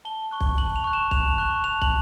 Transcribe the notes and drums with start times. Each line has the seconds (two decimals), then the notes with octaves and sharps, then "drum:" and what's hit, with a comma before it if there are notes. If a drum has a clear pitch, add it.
0.05 A5 G7
0.31 C#6 F#6
0.41 drum: kick
0.58 A5 F#7
0.76 F7
0.84 C#6 F#6
0.93 E7
1.11 A5 F7, drum: kick
1.38 C#6 F#6
1.64 A5 F7
1.82 F#7, drum: kick